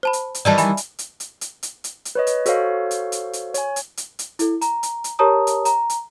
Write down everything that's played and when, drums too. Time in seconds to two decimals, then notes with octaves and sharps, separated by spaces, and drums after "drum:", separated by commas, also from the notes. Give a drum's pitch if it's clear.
0.03 C5 A5 B5
0.13 drum: hi-hat
0.35 drum: hi-hat
0.45 D#3 E3 G3 D5 D#5 A5
0.58 E5 G#5 B5, drum: hi-hat
0.77 drum: hi-hat
0.99 drum: hi-hat
1.20 drum: hi-hat
1.41 drum: hi-hat
1.63 drum: hi-hat
1.84 drum: hi-hat
2.05 drum: hi-hat
2.15 B4 C#5 D#5
2.27 drum: hi-hat
2.46 F#4 A4 C5 C#5 F5, drum: hi-hat
2.91 drum: hi-hat
3.12 drum: hi-hat
3.33 drum: hi-hat
3.54 C#5 G#5, drum: hi-hat
3.76 drum: hi-hat
3.97 drum: hi-hat
4.19 drum: hi-hat
4.39 E4 A4, drum: hi-hat
4.61 A#5, drum: hi-hat
4.83 drum: hi-hat
5.04 drum: hi-hat
5.19 G4 A#4 C#5 A5 A#5 D#6
5.47 drum: hi-hat
5.65 A#5, drum: hi-hat
5.90 drum: hi-hat